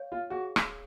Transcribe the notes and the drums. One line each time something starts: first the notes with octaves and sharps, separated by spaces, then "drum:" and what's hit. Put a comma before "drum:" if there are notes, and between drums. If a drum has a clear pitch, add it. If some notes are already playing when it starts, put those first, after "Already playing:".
Already playing: C#5 F5
F4
F#4 G#4
drum: rim click